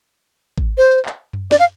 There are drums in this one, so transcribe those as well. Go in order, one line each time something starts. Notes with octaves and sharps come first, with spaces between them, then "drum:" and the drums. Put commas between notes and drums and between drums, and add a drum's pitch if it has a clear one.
drum: kick G#1
C5
drum: clap
drum: tom F#2
D5, drum: snare
F5